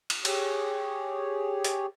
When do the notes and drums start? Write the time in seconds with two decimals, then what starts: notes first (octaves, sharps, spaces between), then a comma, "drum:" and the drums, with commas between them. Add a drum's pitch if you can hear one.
0.10 drum: cymbal
0.25 G4 G#4 C#5, drum: cymbal
1.64 drum: hi-hat